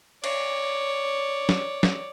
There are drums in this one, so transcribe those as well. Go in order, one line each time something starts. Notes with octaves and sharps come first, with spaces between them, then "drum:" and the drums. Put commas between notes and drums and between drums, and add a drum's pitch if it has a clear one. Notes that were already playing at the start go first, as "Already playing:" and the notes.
C#5 D5, drum: cymbal
drum: snare
drum: snare